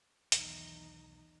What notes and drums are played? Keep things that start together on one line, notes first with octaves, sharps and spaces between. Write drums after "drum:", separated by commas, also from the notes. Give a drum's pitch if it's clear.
B1 E2 D#3 D#4, drum: hi-hat